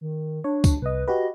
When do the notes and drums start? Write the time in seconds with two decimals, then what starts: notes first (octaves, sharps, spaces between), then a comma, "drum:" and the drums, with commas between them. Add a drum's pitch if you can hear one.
0.01 D#3
0.44 D4 C#5
0.64 drum: kick C#2, tambourine
0.82 C2 B4 D#5
1.08 F#4 G4 B4 D#5